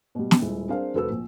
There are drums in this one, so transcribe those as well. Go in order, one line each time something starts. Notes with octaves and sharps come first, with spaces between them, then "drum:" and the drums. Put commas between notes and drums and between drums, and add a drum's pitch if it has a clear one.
B2 G3
drum: snare
D#1 G#3 E4
C4 D4 G#4 A#4 C5 F5
F1 F#4 A4 B4 C5 E6
A#1